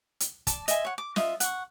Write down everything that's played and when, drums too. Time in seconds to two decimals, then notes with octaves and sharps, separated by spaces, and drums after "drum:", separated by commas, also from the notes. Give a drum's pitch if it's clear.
0.20 drum: hi-hat
0.47 D5 A5, drum: kick, hi-hat
0.68 D#5 E5 G#5 C6, drum: hi-hat
0.85 C#5 F#5
0.98 D6
1.16 F4 D#5 E5, drum: snare
1.40 F#5 C#6, drum: hi-hat